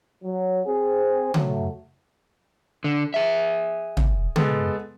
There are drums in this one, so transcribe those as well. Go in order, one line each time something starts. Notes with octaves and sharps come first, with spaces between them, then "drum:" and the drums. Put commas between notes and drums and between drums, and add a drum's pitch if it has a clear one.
F#3
C4 G#4
F#3 A3, drum: tom C#3
D3
G#4 E5
drum: tom
G#3 B3 A4, drum: tom C#3